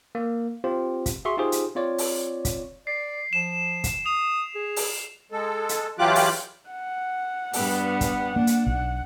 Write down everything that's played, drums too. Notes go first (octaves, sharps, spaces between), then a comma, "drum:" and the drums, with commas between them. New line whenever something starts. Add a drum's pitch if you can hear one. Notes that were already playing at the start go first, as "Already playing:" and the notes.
A#3
C4 F4 G4 C5
drum: kick, hi-hat
F#4 G#4 E5 C6 C#6
D#4 F4 G4 G#4 C5
drum: hi-hat
C4 F4 C#5 D5
drum: open hi-hat
drum: kick, hi-hat
D5 C7
F3 E7
drum: kick, hi-hat
D#6 F7
G#4
drum: open hi-hat
G#3 A4
drum: hi-hat
E3 F#3 F4 G4 D6 F#6
drum: open hi-hat
F#5
G2 G3 B3, drum: open hi-hat
drum: kick, hi-hat
A#3 D4
drum: hi-hat
B1 F#5